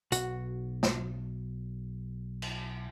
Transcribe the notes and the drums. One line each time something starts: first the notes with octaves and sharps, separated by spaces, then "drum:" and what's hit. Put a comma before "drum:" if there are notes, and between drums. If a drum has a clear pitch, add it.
B1 F#4 F#5, drum: hi-hat
drum: snare
drum: cymbal